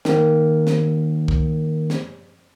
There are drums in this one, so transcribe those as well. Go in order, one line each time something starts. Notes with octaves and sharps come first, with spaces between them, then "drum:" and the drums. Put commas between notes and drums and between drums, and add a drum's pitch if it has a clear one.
D#3 A#3, drum: snare
drum: snare
drum: kick C2
drum: snare